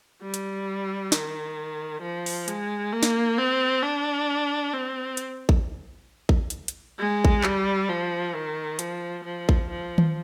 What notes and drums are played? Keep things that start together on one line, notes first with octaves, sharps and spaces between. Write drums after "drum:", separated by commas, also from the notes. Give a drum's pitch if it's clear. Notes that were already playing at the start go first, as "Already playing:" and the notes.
G3
drum: hi-hat
D#3, drum: snare
F3
drum: open hi-hat
G#3, drum: hi-hat
A#3
drum: snare
C4
D4
C4
drum: hi-hat
drum: kick A1
drum: kick A1
drum: hi-hat
drum: hi-hat
G#3
drum: kick A1
G3, drum: clap
F3
D#3
F3, drum: hi-hat
F3
drum: kick A1
F3
drum: tom D#3